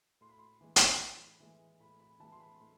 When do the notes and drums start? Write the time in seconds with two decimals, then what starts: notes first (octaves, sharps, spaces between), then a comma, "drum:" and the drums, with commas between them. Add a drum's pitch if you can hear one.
0.21 A2 C6
0.29 B5
0.38 C6
0.61 E3 G#3
0.76 drum: hi-hat
1.01 A2
1.40 E3 G#3
1.80 A2 B5
2.00 B5
2.20 E3 G#3 A5
2.32 C6
2.40 B5
2.60 A2